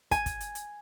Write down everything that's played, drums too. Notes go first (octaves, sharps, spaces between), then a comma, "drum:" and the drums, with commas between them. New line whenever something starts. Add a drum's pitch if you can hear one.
G#5, drum: kick, hi-hat
drum: kick, hi-hat
drum: hi-hat
drum: hi-hat